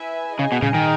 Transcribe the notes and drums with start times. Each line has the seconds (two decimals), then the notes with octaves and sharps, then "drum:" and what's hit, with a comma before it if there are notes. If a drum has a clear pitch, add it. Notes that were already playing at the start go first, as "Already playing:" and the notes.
Already playing: E4 B4 E5 G#5
0.39 C#3 G#4 D#5 G#5
0.52 B2
0.62 C#3, drum: tom A#2
0.74 D#3